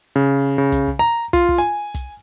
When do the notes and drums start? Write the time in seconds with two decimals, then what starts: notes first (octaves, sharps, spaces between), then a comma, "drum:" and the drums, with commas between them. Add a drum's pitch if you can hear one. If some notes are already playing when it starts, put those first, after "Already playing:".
0.16 C#3
0.58 C#3
0.72 drum: kick, hi-hat
0.87 drum: kick
0.99 A#5
1.33 F4, drum: kick, hi-hat
1.49 drum: kick
1.58 G#5
1.94 drum: kick, hi-hat